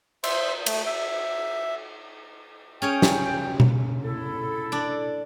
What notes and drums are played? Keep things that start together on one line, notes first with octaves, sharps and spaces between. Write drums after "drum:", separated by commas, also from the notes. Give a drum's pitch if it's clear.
C5 E5 C6, drum: cymbal
A3, drum: cymbal
E5
C#4 G#4 C#5 G5
drum: snare
drum: tom B2
E4 A4
D4 D5